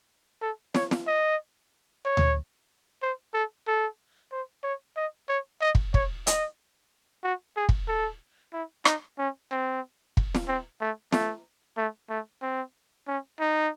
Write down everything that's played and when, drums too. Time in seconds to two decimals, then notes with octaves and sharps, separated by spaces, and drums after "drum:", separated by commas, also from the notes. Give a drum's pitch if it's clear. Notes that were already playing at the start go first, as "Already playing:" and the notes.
0.42 A4
0.75 C#5, drum: snare
0.91 drum: snare
1.07 D#5
2.05 C#5
2.17 drum: tom D2
3.02 C5
3.34 A4
3.67 A4
4.32 C5
4.64 C#5
4.96 D#5
5.29 C#5
5.61 D#5
5.75 drum: kick
5.94 C#5, drum: kick
6.27 D#5, drum: hi-hat
7.24 F#4
7.57 G#4
7.69 drum: kick
7.88 A4
8.53 E4
8.85 D#4, drum: rim click
9.19 C#4
9.51 C4
10.17 drum: kick
10.35 drum: snare
10.48 C4
10.81 A3
11.12 A3, drum: snare
11.77 A3
12.10 A3
12.42 C4
13.08 C#4
13.40 D#4